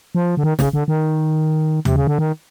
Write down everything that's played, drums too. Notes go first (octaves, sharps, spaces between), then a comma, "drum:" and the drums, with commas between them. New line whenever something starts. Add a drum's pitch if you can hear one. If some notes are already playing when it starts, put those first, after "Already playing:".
F3
D3
D#3
C#3, drum: snare
D3
D#3
C3, drum: tom D#2
C#3
D3
D#3